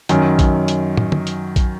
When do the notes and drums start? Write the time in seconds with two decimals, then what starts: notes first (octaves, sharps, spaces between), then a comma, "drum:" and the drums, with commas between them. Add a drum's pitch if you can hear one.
0.09 F#2 D#3 F#3 C#4, drum: hi-hat
0.39 drum: kick A#1, hi-hat
0.68 drum: hi-hat
0.97 drum: tom
1.12 drum: tom
1.27 drum: hi-hat
1.56 drum: kick A#1, hi-hat